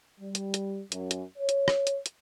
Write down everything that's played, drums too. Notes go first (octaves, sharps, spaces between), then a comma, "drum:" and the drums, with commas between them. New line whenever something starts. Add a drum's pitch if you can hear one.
G3
drum: hi-hat
drum: hi-hat
F#2, drum: hi-hat
drum: hi-hat
C#5
drum: hi-hat
drum: rim click
drum: hi-hat
drum: hi-hat